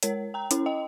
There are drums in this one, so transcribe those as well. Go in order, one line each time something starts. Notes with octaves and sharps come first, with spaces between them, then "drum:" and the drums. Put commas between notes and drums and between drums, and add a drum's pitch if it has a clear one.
G#3 A#4 C#5, drum: hi-hat
G5 A#5
C#4 E4, drum: hi-hat
D#5 G5